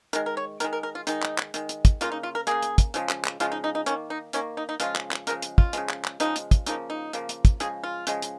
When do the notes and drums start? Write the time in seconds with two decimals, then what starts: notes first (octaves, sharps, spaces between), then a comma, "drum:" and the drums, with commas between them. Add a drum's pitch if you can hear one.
0.13 D#3 G#3 A#4, drum: hi-hat
0.26 A#4
0.37 C#5
0.60 D#3 G#3 A#4, drum: hi-hat
0.73 A#4
0.83 A#4
0.95 F4
1.07 D#3 G#3 D#4, drum: hi-hat
1.23 drum: clap
1.38 drum: clap
1.54 D#3 G#3, drum: hi-hat
1.69 drum: hi-hat
1.85 drum: kick, hi-hat
2.01 C#3 A#3 F4, drum: hi-hat
2.12 D#4
2.23 F4
2.35 A#4
2.47 C#3 A#3 G#4, drum: hi-hat
2.63 drum: hi-hat
2.78 drum: kick, hi-hat
2.94 C#3 F3 G#3, drum: hi-hat
3.09 drum: clap
3.25 drum: clap
3.40 C#3 F3 G#3 F4, drum: hi-hat
3.52 D#4
3.64 D#4
3.75 D#4
3.86 D#3 A#3 C#4, drum: hi-hat
4.10 D#4
4.33 D#3 A#3 C#4, drum: hi-hat
4.57 D#4
4.69 D#4
4.80 C#3 F3 G#3 F4, drum: hi-hat
4.96 drum: clap
5.11 drum: clap
5.27 C#3 F3 G#3 A#4, drum: hi-hat
5.42 drum: hi-hat
5.58 F4, drum: kick
5.73 C#3 F3 G#3, drum: hi-hat
5.89 drum: clap
6.05 drum: clap
6.20 C#3 F3 G#3 D#4, drum: hi-hat
6.36 drum: hi-hat
6.51 drum: kick, hi-hat
6.66 C#3 F3 A#3 D#4, drum: hi-hat
6.90 D#4
7.13 C#3 F3 A#3, drum: hi-hat
7.29 drum: hi-hat
7.45 drum: kick, hi-hat
7.60 C#3 F3 G#3 G#4, drum: hi-hat
7.84 F4
8.07 C#3 F3 G#3, drum: hi-hat
8.22 drum: hi-hat